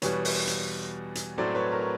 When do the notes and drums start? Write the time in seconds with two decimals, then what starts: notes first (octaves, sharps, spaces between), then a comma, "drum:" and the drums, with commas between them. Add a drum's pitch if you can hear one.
0.02 E2 B2 G3 B4 C#5, drum: hi-hat
0.25 drum: open hi-hat
0.47 drum: hi-hat
1.15 drum: hi-hat
1.38 A2 F#3 A3 C4 C5 D5
1.55 B4 C#5
1.72 A#4
1.81 C#5